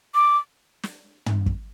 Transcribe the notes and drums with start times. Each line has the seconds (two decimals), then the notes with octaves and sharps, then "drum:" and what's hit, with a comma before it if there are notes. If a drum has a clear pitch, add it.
0.15 D6
0.83 drum: snare
1.26 drum: tom
1.46 drum: kick